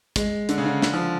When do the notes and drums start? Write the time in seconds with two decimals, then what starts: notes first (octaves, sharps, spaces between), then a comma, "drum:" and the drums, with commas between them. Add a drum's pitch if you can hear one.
0.16 G#3, drum: kick, hi-hat
0.49 D3, drum: hi-hat
0.58 C#3
0.66 D3
0.82 D3, drum: snare
0.93 F3